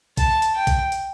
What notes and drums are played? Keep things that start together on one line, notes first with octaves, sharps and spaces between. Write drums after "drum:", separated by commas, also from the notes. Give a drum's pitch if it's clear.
A5, drum: kick A#1, hi-hat
drum: hi-hat
G5
drum: kick A#1, hi-hat
drum: hi-hat